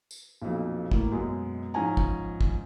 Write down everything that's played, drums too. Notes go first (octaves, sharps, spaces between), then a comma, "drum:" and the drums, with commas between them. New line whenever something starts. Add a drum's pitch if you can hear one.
drum: tambourine
B1 F2 A#2
A2 A#3, drum: kick
F#2 B2 G#3
G#2 F3 C#4 G#5 A#5
drum: kick
drum: kick